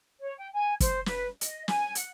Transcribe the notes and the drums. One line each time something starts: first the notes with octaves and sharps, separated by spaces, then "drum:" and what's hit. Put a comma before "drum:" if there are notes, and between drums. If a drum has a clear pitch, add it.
C#5
G5
G#5
C5, drum: kick, hi-hat
B4, drum: snare
D#5, drum: hi-hat
G#5, drum: snare
F#5, drum: hi-hat